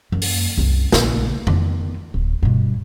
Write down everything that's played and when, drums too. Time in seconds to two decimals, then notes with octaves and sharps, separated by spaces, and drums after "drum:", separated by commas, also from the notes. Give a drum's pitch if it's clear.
0.12 F#2 A#3
0.22 drum: open hi-hat
0.58 C2 F#2
0.92 A#1 C#3, drum: snare
1.47 D#3 B3, drum: tom F2
2.14 D1
2.43 G2 B2